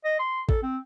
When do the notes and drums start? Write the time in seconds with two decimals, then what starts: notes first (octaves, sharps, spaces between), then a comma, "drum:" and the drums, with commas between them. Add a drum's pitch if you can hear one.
0.04 D#5
0.19 C6
0.49 A4, drum: kick
0.62 C4